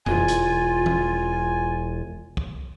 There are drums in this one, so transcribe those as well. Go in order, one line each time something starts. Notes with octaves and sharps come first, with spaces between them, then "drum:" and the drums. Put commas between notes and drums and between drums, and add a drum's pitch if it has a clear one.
E1 F4 G#5, drum: tom F2
drum: hi-hat
drum: tom E3
drum: kick